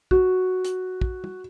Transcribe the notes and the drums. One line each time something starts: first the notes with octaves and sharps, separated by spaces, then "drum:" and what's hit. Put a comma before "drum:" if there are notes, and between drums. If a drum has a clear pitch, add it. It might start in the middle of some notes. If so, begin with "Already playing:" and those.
F#4, drum: kick
drum: hi-hat
drum: kick
drum: tom